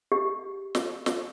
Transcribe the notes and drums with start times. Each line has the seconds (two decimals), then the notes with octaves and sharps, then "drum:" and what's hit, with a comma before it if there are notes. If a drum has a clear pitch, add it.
0.12 G4
0.75 drum: snare
1.06 drum: snare